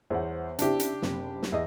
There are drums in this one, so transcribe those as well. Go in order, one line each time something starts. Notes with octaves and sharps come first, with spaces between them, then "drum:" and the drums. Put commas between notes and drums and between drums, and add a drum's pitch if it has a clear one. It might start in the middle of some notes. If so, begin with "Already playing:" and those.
E2 C5 C#5 F#5
C#3 C4 D4 E4 G4, drum: hi-hat
drum: hi-hat
F#1 C3, drum: snare
drum: snare
E2 D#5